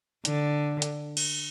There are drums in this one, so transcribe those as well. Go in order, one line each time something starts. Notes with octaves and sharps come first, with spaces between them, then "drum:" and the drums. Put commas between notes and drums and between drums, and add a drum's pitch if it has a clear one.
D3, drum: hi-hat
drum: hi-hat
drum: cymbal